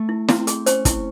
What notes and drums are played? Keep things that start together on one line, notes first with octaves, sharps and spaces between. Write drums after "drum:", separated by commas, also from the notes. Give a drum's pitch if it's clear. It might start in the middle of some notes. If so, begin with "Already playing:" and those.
Already playing: A3
E4
C4 E4, drum: snare
G#4, drum: hi-hat
C#4 C5, drum: hi-hat
E4, drum: kick, hi-hat